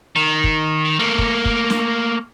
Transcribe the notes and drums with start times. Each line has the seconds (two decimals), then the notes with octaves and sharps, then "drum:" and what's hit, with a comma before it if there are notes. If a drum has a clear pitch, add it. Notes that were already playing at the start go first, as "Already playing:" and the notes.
0.16 D#3
0.44 drum: kick
0.99 A3 A#3
1.19 drum: kick
1.45 drum: kick
1.70 drum: snare